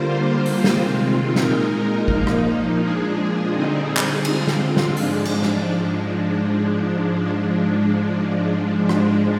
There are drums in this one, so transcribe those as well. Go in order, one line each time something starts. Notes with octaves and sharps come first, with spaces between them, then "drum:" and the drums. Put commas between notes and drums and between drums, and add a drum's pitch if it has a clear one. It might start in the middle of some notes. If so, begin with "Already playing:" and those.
Already playing: D3 G3 A#3 F4 C5
drum: open hi-hat
C3 D#3 G#3 C4 F4, drum: snare
A#2 G#3 D#4 A#4, drum: snare
A#2 F3 A#3 D#4, drum: kick
drum: rim click
A#2 F3 G#3 D4 G#4
D3 G3 C4 D#4 G#4
drum: clap
D3 G#3 C4 F4, drum: cymbal
drum: snare
drum: snare
G#2 F3 G#3 D4, drum: open hi-hat
drum: cymbal
drum: snare
drum: rim click